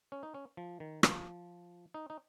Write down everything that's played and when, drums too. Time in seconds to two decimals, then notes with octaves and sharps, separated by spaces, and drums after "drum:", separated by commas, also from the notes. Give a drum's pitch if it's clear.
0.12 C#4
0.23 D#4
0.34 C#4
0.57 F3
0.80 D#3
1.03 F3, drum: rim click
1.94 D#4
2.10 D#4